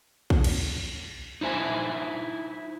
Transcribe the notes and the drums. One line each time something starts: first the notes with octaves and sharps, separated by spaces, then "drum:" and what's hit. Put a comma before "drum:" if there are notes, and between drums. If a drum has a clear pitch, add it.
drum: kick
drum: cymbal
D#4 E4 C5 G#5